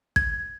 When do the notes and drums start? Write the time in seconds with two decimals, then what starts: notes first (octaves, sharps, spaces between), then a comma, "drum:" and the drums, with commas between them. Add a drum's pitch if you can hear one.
0.16 G#6, drum: kick